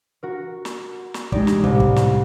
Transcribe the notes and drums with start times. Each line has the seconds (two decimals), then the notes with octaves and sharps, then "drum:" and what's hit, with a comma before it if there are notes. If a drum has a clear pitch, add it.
0.23 F#4 A#4
0.65 drum: snare
1.14 drum: snare
1.32 G#3 D#4 G4 D5, drum: kick
1.47 drum: snare
1.64 C2 A2, drum: kick
1.80 drum: kick
1.96 drum: snare